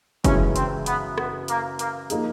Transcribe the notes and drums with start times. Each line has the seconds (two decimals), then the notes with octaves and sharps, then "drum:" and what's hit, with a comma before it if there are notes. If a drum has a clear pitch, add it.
0.24 F#2 C#3 E3 G#3 C#4, drum: kick, hi-hat
0.56 C4, drum: hi-hat
0.86 B3, drum: hi-hat
1.18 B3, drum: rim click
1.48 A#3, drum: hi-hat
1.79 A#3, drum: hi-hat
2.10 F3 A#3 D#4 G#4, drum: hi-hat